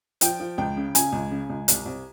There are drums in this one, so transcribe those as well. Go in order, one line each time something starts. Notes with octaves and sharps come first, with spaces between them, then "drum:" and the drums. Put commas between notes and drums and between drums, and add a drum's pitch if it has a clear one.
F3 G5, drum: hi-hat
F3
C#2 G5
C#3
C#3 G#5, drum: hi-hat
C#2
C#3
C#2
C2, drum: hi-hat
C2